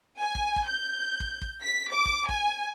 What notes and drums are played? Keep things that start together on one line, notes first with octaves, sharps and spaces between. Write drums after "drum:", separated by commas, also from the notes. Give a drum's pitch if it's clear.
G#5
drum: kick
drum: kick
G6
drum: kick
drum: kick
B6
D6
drum: kick
G#5, drum: kick